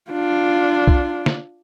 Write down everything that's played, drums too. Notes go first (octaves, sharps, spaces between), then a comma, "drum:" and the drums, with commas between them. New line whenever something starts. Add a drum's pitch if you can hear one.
D4 F4
drum: kick B1
drum: snare